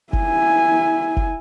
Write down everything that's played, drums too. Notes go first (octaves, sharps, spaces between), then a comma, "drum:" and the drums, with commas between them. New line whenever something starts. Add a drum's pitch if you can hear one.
E4 G#5, drum: kick F#1
drum: kick F#1